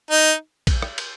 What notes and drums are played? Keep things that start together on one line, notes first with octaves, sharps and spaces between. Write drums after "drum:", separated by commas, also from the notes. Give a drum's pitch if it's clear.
D#4
drum: kick A#1, cymbal
drum: rim click
drum: cymbal